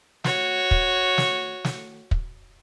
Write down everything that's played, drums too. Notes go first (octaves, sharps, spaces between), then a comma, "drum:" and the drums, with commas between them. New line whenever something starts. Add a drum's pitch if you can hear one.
F#4 C#5, drum: snare
drum: kick
drum: snare
drum: snare
drum: kick